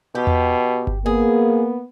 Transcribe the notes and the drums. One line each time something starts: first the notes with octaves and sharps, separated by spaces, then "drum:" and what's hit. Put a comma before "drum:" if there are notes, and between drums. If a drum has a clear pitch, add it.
B2 G4
drum: tom E2
drum: kick G1
A#3 B3 G#4